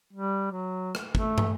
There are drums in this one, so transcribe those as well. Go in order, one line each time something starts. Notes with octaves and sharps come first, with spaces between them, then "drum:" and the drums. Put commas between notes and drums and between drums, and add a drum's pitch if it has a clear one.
G3
F#3
drum: rim click
A3, drum: kick
drum: tom